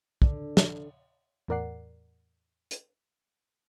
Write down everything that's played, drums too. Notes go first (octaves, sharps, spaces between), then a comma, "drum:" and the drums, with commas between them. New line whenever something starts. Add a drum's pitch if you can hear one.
D3, drum: kick
drum: snare
E2 A2 A#4 D5 F#5 C7
drum: hi-hat